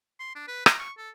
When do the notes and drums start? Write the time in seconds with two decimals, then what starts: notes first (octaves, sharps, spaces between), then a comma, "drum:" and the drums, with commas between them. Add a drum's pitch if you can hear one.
0.20 C6
0.35 D4
0.48 B4
0.66 A#5, drum: rim click
0.79 C#6
0.98 A4